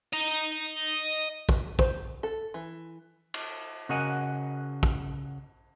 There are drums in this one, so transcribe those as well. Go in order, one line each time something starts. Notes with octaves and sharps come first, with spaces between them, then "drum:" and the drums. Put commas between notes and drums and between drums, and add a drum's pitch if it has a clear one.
D#5 A#5
drum: kick
C5, drum: kick
A4
E3
drum: cymbal
C#3 F#4 A#4 D#5 F#5 G#5
drum: kick